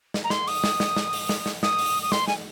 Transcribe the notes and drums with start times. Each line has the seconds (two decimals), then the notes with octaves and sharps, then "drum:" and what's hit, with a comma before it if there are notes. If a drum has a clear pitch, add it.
0.14 drum: snare
0.24 A#5
0.30 C6, drum: snare
0.48 D#6, drum: open hi-hat
0.64 drum: snare
0.80 drum: snare
0.96 drum: snare
1.13 drum: open hi-hat
1.29 drum: snare
1.46 drum: snare
1.63 D#6, drum: snare
1.79 drum: open hi-hat
2.03 D#6
2.12 C6, drum: snare
2.28 G#5, drum: snare